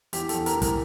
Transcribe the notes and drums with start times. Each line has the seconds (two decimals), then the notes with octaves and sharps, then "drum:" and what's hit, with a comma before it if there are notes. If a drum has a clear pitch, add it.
0.13 E2 G4, drum: hi-hat
0.29 A4, drum: hi-hat
0.34 E2
0.46 A#4, drum: hi-hat
0.56 E3
0.62 A#4, drum: kick, hi-hat